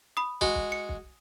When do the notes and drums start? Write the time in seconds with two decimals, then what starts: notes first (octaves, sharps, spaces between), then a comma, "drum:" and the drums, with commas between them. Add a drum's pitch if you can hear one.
0.17 B5 D#6
0.41 G#3 F#4, drum: kick
0.55 drum: kick
0.72 C#7
0.89 drum: kick